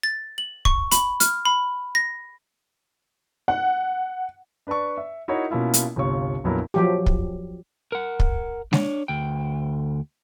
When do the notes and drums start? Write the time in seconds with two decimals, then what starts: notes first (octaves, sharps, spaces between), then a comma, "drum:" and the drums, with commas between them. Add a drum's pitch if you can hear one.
0.03 A6
0.38 F#7
0.65 C#6, drum: kick
0.92 B5, drum: hi-hat
1.20 F6, drum: hi-hat
1.45 B5
1.95 A#6
3.48 F#5
4.67 D4 B4 D5 A5 C#6
4.98 E5
5.28 D#4 E4 F#4 A#4 C#5
5.51 B2 A#3 C#4 E4 F4
5.74 drum: hi-hat
5.96 G1 C2 C3 F4 C#5 C#6
6.44 A#1 F2 F#3 B3 E4 A#4
6.74 F3 F#3 G4
7.06 drum: kick
7.92 A#4 F#5
8.20 drum: kick
8.73 D4 C#5, drum: snare G#3
9.08 D2 G5